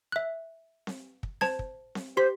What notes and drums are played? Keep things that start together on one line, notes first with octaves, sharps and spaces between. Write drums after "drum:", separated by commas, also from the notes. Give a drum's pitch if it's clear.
E5 F#6
drum: snare C4
drum: kick
C5 A5 G#6, drum: snare C4
drum: kick
drum: snare C4
G4 C5 C6 B6